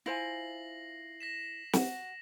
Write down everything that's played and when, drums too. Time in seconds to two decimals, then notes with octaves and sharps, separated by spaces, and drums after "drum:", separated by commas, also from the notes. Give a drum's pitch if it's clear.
0.06 E4 F4 C5 G#5 A#6 C7 F#7
1.20 A#6 B6 E7
1.73 F#4, drum: snare